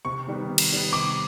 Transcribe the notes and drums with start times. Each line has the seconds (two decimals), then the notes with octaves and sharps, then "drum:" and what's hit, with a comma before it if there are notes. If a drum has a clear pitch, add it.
0.05 C3 C#6
0.27 D#3 G3 B3
0.49 C3
0.58 drum: cymbal
0.71 D#3 G3 B3
0.93 C3 D6